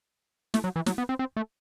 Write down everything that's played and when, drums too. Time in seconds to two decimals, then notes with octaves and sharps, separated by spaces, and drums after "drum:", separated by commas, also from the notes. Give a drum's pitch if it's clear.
0.54 A3, drum: snare
0.64 F#3
0.76 E3
0.86 F#3, drum: snare
0.98 B3
1.09 C4
1.19 C4
1.37 A3